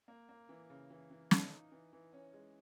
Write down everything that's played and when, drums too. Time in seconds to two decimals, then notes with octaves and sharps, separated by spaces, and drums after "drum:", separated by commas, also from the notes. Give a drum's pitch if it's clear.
0.08 A#3
0.29 A#3
0.49 E3
0.70 C#3
0.91 E3
1.11 E3
1.31 D#4, drum: snare
1.51 D#4
1.72 E3
1.93 E3
2.13 C#4
2.34 G#3